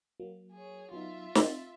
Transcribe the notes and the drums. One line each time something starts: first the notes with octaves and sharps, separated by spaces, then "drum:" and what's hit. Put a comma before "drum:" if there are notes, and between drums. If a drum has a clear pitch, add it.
F#3 A#3
G#4 C#5
F#3 B3 D#4 F4 E5
C4 A6, drum: snare